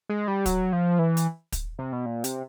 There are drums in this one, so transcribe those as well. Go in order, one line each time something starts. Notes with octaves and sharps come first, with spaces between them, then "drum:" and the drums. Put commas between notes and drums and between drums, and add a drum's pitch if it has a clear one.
G#3
G3
F#3, drum: kick, hi-hat
F3
E3
drum: hi-hat
drum: kick, hi-hat
C3
B2
A#2
C3, drum: hi-hat